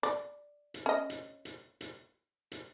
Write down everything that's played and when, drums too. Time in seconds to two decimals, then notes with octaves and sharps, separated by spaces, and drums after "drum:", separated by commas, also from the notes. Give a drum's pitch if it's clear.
0.03 D5, drum: hi-hat
0.74 drum: hi-hat
0.86 C#4 D#5
1.10 drum: hi-hat
1.45 drum: hi-hat
1.81 drum: hi-hat
2.52 drum: hi-hat